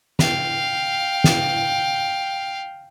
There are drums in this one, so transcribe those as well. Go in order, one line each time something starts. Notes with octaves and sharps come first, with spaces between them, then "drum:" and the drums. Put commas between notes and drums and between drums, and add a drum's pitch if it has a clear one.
F5 G5, drum: snare
drum: snare